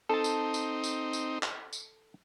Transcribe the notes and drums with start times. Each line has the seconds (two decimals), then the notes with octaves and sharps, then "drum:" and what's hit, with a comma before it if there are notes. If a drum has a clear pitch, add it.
0.09 C4 D#4 A4 A5
0.24 drum: tambourine
0.54 drum: tambourine
0.84 drum: tambourine
1.13 drum: tambourine
1.43 drum: clap
1.73 drum: tambourine